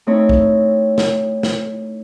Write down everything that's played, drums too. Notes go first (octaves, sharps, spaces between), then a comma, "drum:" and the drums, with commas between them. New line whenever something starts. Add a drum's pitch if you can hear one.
A3 C4 D#4 E4 C#5
drum: kick
drum: snare
drum: snare